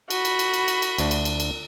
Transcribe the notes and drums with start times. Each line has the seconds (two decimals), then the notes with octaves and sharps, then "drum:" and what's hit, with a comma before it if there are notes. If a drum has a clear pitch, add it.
0.10 F#4 B5, drum: cymbal
0.25 drum: cymbal
0.39 drum: cymbal
0.54 drum: cymbal
0.68 drum: cymbal
0.82 drum: cymbal
0.98 D2 D4, drum: cymbal
1.11 drum: cymbal
1.25 drum: cymbal
1.40 drum: cymbal